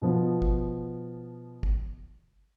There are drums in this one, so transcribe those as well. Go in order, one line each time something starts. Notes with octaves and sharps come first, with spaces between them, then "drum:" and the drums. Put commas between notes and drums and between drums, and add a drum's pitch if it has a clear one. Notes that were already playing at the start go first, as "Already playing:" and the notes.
B2 F3 B3
drum: kick
drum: kick